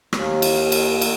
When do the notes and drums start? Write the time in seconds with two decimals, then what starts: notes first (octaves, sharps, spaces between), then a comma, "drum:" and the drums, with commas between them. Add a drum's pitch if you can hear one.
0.13 D#2, drum: rim click
0.42 drum: cymbal
0.72 drum: cymbal
1.01 drum: cymbal